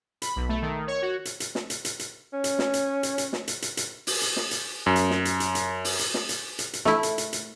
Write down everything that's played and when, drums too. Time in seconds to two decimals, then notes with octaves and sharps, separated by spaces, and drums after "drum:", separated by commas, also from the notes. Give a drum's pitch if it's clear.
0.22 B5, drum: hi-hat
0.36 B1
0.49 A3
0.62 D#3
0.87 C#5
1.02 F#4
1.25 drum: hi-hat
1.40 drum: hi-hat
1.55 drum: snare
1.70 drum: hi-hat
1.85 drum: hi-hat
1.99 drum: hi-hat
2.33 C#4
2.44 drum: hi-hat
2.59 drum: snare
2.74 drum: hi-hat
3.03 drum: hi-hat
3.18 drum: hi-hat
3.33 drum: snare
3.48 drum: hi-hat
3.62 drum: hi-hat
3.77 drum: hi-hat
4.07 drum: open hi-hat
4.22 drum: hi-hat
4.36 drum: snare
4.51 drum: hi-hat
4.86 F#2
4.96 drum: hi-hat
5.10 drum: snare
5.25 drum: hi-hat
5.40 drum: hi-hat
5.55 drum: hi-hat
5.85 drum: open hi-hat
5.99 drum: hi-hat
6.14 drum: snare
6.29 drum: hi-hat
6.59 drum: hi-hat
6.73 drum: hi-hat
6.85 A3 E4, drum: snare
7.03 drum: hi-hat
7.18 drum: hi-hat
7.33 drum: hi-hat